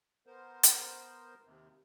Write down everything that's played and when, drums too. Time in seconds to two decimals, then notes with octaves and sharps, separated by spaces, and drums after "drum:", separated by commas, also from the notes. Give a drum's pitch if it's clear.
0.27 B3 A#4 C5
0.63 drum: hi-hat
1.45 D#2 C3